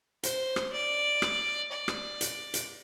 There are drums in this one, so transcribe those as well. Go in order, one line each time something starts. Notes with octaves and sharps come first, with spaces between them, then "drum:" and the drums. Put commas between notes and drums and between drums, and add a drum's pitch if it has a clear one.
C5, drum: hi-hat
drum: rim click
D5
drum: rim click
D5
drum: rim click
drum: hi-hat
drum: hi-hat